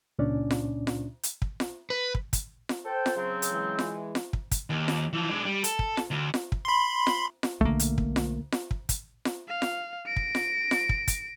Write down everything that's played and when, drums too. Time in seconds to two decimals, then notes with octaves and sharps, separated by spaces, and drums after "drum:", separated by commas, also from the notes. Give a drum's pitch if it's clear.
0.19 C#2 A#2 C#4 D4 D5
0.51 drum: snare F4
0.87 drum: snare F4
1.23 drum: hi-hat
1.42 drum: kick
1.60 drum: snare F4
1.90 B4
2.15 drum: kick
2.33 drum: kick, hi-hat
2.69 drum: snare F4
2.85 A4 C5 G5
3.06 drum: snare F4
3.16 C#3 F#3 C4
3.42 drum: hi-hat
3.52 E3 G#3
3.79 drum: snare F4
4.15 drum: snare F4
4.33 drum: kick
4.51 drum: kick, hi-hat
4.70 D#2
4.88 drum: snare F4
5.13 E3 F3
5.29 G#3 D4
5.45 G3
5.64 A4, drum: hi-hat
5.79 drum: kick
5.97 drum: snare F4
6.11 D2
6.34 drum: snare F4
6.52 drum: kick
6.65 B5 C6
7.07 drum: snare F4
7.43 drum: snare F4
7.61 B1 D3 A3 A#3
7.80 drum: hi-hat
7.98 drum: kick
8.16 drum: snare F4
8.52 drum: snare F4
8.71 drum: kick
8.89 drum: kick, hi-hat
9.25 drum: snare F4
9.48 F5
9.62 drum: snare F4
10.07 A#6 D7
10.16 drum: kick
10.35 drum: snare F4
10.71 drum: snare F4
10.89 drum: kick
11.08 drum: kick, hi-hat